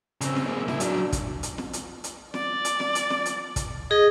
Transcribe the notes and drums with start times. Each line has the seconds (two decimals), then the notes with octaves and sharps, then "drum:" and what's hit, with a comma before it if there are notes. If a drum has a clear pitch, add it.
0.21 C#3 C4, drum: hi-hat
0.36 drum: snare
0.46 A#3 G#4
0.68 C#3 E4, drum: snare
0.80 F#3 D4, drum: hi-hat
1.12 drum: kick, hi-hat
1.43 drum: hi-hat
1.58 drum: snare
1.73 drum: hi-hat
2.04 drum: hi-hat
2.34 D5, drum: snare
2.65 drum: hi-hat
2.80 drum: snare
2.95 drum: hi-hat
3.10 drum: snare
3.26 drum: hi-hat
3.56 drum: kick, hi-hat
3.91 G#4 D#5